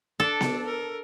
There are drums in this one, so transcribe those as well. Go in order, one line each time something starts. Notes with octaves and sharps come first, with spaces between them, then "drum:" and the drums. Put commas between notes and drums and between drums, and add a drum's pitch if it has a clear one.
D4 A4
drum: snare B3
A#4